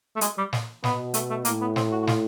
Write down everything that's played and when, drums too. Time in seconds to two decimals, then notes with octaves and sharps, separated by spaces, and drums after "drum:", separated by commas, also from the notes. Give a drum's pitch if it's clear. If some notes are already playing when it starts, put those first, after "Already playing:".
0.16 A3
0.21 G#3, drum: hi-hat
0.38 G3
0.53 drum: snare
0.84 B2 B3, drum: snare
1.14 A3, drum: hi-hat
1.30 A3
1.45 A2 A#3, drum: hi-hat
1.61 B3
1.76 C4, drum: snare
1.92 F#4
2.02 F#4
2.07 F4, drum: snare